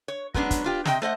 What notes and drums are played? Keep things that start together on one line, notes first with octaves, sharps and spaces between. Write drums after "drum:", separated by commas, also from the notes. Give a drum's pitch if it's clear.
C#5
F#3 G#3 B3 C#4 D4, drum: kick
drum: kick, hi-hat
D4 F4 G4
C3 C4 D#5 G5, drum: snare
A3 C5 D#5 F#5